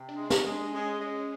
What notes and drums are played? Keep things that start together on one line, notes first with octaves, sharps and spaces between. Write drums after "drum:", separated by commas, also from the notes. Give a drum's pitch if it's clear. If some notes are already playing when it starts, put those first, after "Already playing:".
Already playing: C3
D4
G#3
D#4, drum: snare
G#3 C#4
D4
G#3 C#4
G#3